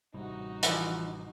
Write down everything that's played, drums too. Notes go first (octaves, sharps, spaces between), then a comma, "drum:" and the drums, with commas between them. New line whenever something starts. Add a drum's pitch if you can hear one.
A1 C3 G3 D#4 F#4
E3 F3, drum: hi-hat